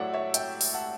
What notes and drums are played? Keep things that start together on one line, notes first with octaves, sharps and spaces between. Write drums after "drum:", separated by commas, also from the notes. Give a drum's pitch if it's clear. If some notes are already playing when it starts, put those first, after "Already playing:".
Already playing: A2 F#3 A3 C#5 D5 E5 F#5
C#5 E5
E5 G5, drum: hi-hat
drum: open hi-hat
F#5 A5